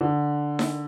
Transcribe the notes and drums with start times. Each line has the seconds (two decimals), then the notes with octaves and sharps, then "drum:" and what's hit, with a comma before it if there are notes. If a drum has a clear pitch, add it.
0.01 D3
0.59 drum: snare D#4